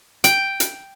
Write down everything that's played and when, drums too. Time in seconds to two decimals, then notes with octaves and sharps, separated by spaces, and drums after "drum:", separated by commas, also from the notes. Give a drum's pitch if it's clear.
0.24 G5, drum: hi-hat
0.60 drum: hi-hat